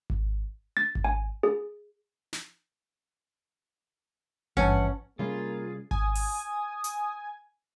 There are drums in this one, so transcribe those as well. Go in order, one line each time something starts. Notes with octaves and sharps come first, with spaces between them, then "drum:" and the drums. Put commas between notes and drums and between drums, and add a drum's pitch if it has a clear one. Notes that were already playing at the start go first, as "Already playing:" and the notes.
drum: kick G#1
A6
drum: kick G#1
G#5
G#4
drum: snare
G2 E3 C#4 F#5 A5, drum: kick G#1
C3 G3 A#3 C#4 F4 G#4
G#5 D#6, drum: kick G#1
drum: open hi-hat
drum: hi-hat